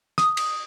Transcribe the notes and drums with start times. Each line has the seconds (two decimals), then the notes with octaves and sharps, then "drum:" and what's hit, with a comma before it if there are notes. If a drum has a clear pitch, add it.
0.18 D#6, drum: snare
0.37 drum: cymbal